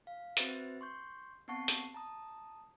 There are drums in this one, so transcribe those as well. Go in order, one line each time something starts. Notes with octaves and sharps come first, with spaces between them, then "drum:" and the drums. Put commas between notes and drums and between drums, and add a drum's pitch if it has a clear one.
F5
C4 F#4 B4 C5 E5 A6, drum: hi-hat
C6 C#6 G6
B3 C4 F#5 A5 C#6 C7
drum: hi-hat
A5 A#5 D#6